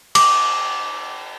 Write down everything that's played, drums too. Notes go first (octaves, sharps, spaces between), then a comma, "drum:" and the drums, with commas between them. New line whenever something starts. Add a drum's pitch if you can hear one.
D6, drum: cymbal